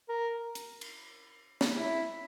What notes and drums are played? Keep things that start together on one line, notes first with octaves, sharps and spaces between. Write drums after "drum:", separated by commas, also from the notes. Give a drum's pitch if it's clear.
A#4
drum: hi-hat
drum: cymbal
drum: snare
E4